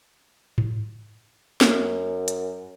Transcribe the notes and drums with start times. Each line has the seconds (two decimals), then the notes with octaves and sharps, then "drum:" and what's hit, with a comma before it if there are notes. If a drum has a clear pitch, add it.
0.58 drum: tom G#2
1.61 F#2, drum: snare
2.28 drum: hi-hat